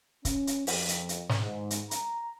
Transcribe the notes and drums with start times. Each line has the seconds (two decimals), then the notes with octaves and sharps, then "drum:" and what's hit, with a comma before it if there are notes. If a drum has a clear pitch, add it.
0.25 C#4, drum: kick, hi-hat
0.47 drum: hi-hat
0.67 F2, drum: open hi-hat
0.88 drum: hi-hat
1.09 drum: hi-hat
1.29 drum: snare
1.41 G#2
1.70 drum: hi-hat
1.91 A#5, drum: hi-hat